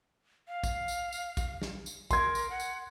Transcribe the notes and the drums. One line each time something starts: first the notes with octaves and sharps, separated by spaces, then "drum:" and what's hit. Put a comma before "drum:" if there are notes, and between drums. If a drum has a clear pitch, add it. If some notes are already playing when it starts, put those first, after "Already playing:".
F5
drum: kick A#1, tambourine
drum: tambourine
drum: tambourine
drum: kick A#1, tambourine
drum: snare
drum: tambourine
A#4 C6 G#6, drum: kick A#1, tambourine
drum: tambourine
F#5
drum: tambourine